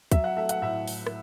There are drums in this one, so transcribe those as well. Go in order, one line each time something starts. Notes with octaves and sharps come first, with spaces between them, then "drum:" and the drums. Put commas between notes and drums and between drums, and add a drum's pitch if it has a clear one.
F#3 E5, drum: kick, hi-hat
F#5
A3 E5
F#5, drum: hi-hat
A2 E5
drum: open hi-hat
drum: rim click